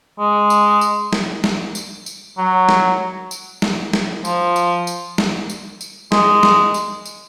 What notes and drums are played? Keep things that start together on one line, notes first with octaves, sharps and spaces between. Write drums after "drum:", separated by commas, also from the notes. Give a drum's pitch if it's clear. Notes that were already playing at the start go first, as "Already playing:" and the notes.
G#3
drum: tambourine
drum: tambourine
drum: snare
drum: snare
drum: tambourine
drum: tambourine
F#3
drum: snare
drum: tambourine
drum: snare
drum: snare
F3, drum: tambourine
drum: tambourine
drum: tambourine
drum: snare
drum: tambourine
drum: tambourine
G#3, drum: snare
drum: snare
drum: tambourine
drum: tambourine